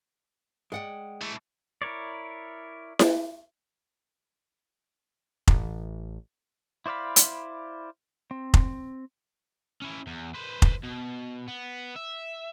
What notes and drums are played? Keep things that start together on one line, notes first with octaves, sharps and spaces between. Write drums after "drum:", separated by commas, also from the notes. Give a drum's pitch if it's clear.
G#3 D5 F#5 G5
E3 A3
E4 A#4 C#5 D5
drum: snare E4
A1, drum: kick F1
E4 C5 D5 F5 B5
drum: hi-hat
C4
drum: kick F1
C#4 E4
E2
B4 C5
drum: kick F1
B2
B3
E5